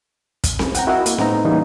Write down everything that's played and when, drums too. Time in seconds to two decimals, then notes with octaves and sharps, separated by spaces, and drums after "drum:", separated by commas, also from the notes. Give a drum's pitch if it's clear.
0.44 drum: kick, hi-hat
0.59 drum: snare C4
0.75 F#5 G5 A#5, drum: hi-hat
0.87 E4 F#4 A#4 D#5 F#5 E6
1.06 A#3, drum: hi-hat
1.18 A2 B3 C4 D#4 A#5, drum: snare C4
1.45 C#3 E3 G3 A#3 D#4